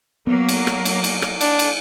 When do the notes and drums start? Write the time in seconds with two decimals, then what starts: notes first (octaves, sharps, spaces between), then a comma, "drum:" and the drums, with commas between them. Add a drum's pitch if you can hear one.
0.27 F#3 A#3 B3
0.49 drum: cymbal
0.67 drum: rim click
0.85 drum: cymbal
1.04 drum: cymbal
1.22 drum: rim click
1.41 D4, drum: cymbal
1.59 drum: cymbal